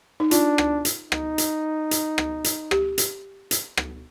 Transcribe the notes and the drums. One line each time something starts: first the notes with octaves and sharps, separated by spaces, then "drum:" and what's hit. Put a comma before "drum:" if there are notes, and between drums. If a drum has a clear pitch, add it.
D#4
D4 F4, drum: hi-hat
drum: rim click
drum: hi-hat
D#4, drum: rim click
drum: hi-hat
drum: hi-hat
drum: rim click
drum: hi-hat
G4, drum: rim click
drum: hi-hat
drum: hi-hat
drum: rim click